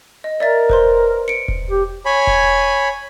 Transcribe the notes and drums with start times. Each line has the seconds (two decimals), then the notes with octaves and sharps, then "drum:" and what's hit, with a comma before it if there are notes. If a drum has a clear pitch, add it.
0.24 D#5
0.40 A#4 D5 E5 A6
0.69 B4 C5 C6, drum: kick E1
1.28 C#7 D7
1.48 drum: kick E1
1.70 G4
2.06 C#5 G#5 B5
2.27 drum: kick E1